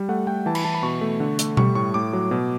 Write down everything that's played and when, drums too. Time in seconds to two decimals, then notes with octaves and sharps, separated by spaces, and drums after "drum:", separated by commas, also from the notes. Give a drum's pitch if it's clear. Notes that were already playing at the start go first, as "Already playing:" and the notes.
Already playing: G3
0.09 A3 F#5
0.27 A3 G5
0.46 E3 A5
0.55 B5, drum: cymbal
0.64 E3 A5
0.75 B5
0.83 B2 C#6
1.01 A3
1.20 D3
1.39 A3, drum: hi-hat
1.57 G3 C#6, drum: tom B2
1.75 A2 C#6
1.94 A2 D6
2.13 F#3
2.31 B2